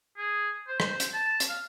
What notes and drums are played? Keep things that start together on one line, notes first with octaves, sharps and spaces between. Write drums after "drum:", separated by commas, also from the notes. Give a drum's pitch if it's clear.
G#4
C5
C5, drum: rim click
drum: hi-hat
A5
drum: hi-hat
F5